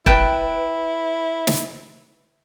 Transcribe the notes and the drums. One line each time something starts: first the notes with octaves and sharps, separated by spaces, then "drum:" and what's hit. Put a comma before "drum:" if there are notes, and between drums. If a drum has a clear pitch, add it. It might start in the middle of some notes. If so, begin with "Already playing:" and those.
E4 B4 G5 A5, drum: kick E1
drum: snare